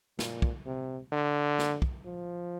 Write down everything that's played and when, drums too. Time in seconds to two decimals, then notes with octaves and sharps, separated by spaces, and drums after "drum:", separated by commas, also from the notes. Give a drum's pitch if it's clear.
0.19 A#2, drum: snare
0.42 drum: kick
0.66 C3
1.12 D3
1.59 drum: snare
1.82 drum: kick
2.05 F3